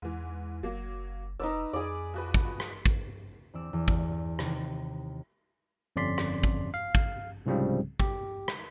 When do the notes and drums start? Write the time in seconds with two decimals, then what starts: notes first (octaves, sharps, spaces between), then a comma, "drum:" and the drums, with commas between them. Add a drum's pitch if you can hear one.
0.02 E2 G#2 E3
0.63 F#1 F#3 A#3
1.40 F1 D#4 B4 D5 E6
1.73 F2 G#4 D5
2.14 F3 F#4 B4
2.34 drum: kick
2.60 drum: rim click
2.86 drum: kick
3.53 E2 C4 D5 E6
3.73 E2
3.88 drum: kick
4.39 D#2 C3, drum: rim click
5.96 G1 F2 C#4 D5 C6 B6
6.18 drum: rim click
6.44 drum: kick
6.74 F5
6.95 drum: kick
7.46 C2 G#2 C#3 F3 G3 C4
8.00 G4, drum: kick
8.48 drum: rim click